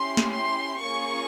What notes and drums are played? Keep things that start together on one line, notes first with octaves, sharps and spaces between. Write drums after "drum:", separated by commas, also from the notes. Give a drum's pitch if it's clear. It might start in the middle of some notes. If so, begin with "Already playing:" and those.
Already playing: C#4 E4 G4 C6
drum: snare
C6
A#3 C#4 F4 G#4 C#6